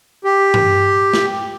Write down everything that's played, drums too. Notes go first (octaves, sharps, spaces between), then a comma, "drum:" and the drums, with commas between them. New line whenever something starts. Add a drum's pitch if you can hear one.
G4
drum: tom G2
drum: snare